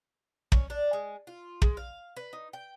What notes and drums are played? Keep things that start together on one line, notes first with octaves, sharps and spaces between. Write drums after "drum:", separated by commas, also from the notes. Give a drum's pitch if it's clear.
C#4, drum: kick
D4
G#3
F4
G#3, drum: kick
F5
B4
D#4
G5